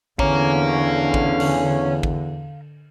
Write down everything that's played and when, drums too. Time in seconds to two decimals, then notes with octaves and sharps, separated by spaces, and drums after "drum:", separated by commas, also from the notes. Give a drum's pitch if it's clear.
0.19 E2 D3 C#4 F5 A#5, drum: kick A1
1.14 drum: kick A1
1.40 drum: cymbal
2.03 drum: kick A1